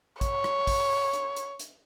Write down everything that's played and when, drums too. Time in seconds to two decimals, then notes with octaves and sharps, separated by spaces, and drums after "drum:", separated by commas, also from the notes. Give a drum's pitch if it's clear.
0.21 C#5, drum: kick, hi-hat
0.44 drum: rim click
0.67 drum: kick, open hi-hat
1.13 drum: hi-hat
1.36 drum: hi-hat
1.59 drum: hi-hat